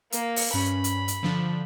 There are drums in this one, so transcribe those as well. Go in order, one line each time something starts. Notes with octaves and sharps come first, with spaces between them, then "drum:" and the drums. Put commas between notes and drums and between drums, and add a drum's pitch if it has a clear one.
A#3, drum: hi-hat
drum: open hi-hat
G2 C#4 B5
drum: hi-hat
drum: hi-hat
D3 F3 D4